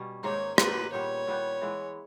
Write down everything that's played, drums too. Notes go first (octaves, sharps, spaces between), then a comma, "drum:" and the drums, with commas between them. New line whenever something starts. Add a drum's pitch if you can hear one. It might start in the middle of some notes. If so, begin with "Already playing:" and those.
Already playing: B2 G3 C#4
G#2 D#3 A#3 D#4 C#5
G#2 D#3 A#3 D#4 B4, drum: rim click
A#2 G3 B3 G4 C#5
A#2 G3 B3 G4
E3 G#3 B3 E4